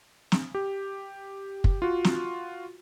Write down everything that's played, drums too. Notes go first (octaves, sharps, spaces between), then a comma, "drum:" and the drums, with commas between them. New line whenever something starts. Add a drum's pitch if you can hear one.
drum: snare
G4
drum: kick
F4 F#4
drum: snare